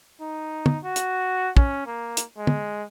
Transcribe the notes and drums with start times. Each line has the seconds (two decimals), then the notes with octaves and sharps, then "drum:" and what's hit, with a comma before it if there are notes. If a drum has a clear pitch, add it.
0.21 D#4
0.66 drum: tom
0.84 F#4
0.96 drum: hi-hat
1.57 C#4, drum: kick
1.87 A#3
2.17 drum: hi-hat
2.38 G#3
2.47 drum: tom